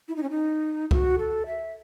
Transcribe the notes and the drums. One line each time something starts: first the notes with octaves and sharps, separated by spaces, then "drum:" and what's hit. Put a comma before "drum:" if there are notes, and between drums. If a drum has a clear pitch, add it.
E4
D#4
C#4
D#4
F#4, drum: kick C#2
A4
E5